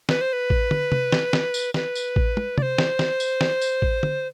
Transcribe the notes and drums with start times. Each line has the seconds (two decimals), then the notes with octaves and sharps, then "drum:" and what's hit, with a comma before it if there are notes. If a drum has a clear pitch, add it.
0.09 B4, drum: snare
0.21 C5
0.33 B4
0.50 drum: kick A1
0.71 drum: tom
0.92 drum: tom
1.12 drum: snare
1.33 drum: snare
1.54 drum: tambourine
1.74 B4, drum: snare
1.95 drum: tambourine
2.16 drum: kick A1
2.37 drum: tom
2.58 D5, drum: tom
2.62 C5
2.78 drum: snare
2.99 drum: snare
3.20 drum: tambourine
3.41 drum: snare
3.61 drum: tambourine
3.82 drum: kick A1
4.03 drum: tom